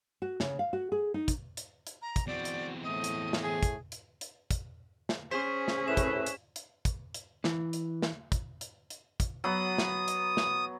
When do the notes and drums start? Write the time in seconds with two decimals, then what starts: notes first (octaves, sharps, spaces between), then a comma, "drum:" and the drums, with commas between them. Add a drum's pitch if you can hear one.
0.22 F#4
0.40 C#3, drum: snare
0.59 F5
0.73 F#4
0.92 G#4
1.14 D#4
1.28 drum: kick, hi-hat
1.57 drum: hi-hat
1.87 drum: hi-hat
2.02 A#5
2.16 drum: kick, hi-hat
2.27 E2 C4 F#4 D5
2.45 drum: hi-hat
2.83 A2 A3 D#5
3.04 drum: hi-hat
3.33 drum: snare
3.43 G#4
3.63 drum: kick, hi-hat
3.92 drum: hi-hat
4.21 drum: hi-hat
4.51 drum: kick, hi-hat
5.09 drum: snare
5.31 C#4 G#4 C5 C#6 B6
5.68 drum: snare
5.88 A2 B4 E5 E7
5.97 drum: kick, hi-hat
6.26 drum: hi-hat
6.56 drum: hi-hat
6.85 drum: kick, hi-hat
7.14 drum: hi-hat
7.44 E3, drum: snare
7.73 drum: hi-hat
8.02 drum: snare
8.32 drum: kick, hi-hat
8.61 drum: hi-hat
8.90 drum: hi-hat
9.20 drum: kick, hi-hat
9.44 F#3 B3 D#6
9.78 drum: snare
10.08 drum: hi-hat
10.37 drum: snare